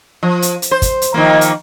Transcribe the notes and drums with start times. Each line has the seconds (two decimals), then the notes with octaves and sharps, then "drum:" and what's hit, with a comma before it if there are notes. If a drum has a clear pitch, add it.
0.23 F3
0.42 drum: hi-hat
0.62 drum: hi-hat
0.71 C5
0.82 drum: kick, hi-hat
1.02 drum: hi-hat
1.14 D#3 F3 A#3
1.41 drum: hi-hat